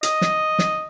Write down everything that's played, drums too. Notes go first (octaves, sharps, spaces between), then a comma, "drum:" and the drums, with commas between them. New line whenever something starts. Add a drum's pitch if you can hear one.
D#5, drum: hi-hat
drum: snare
drum: snare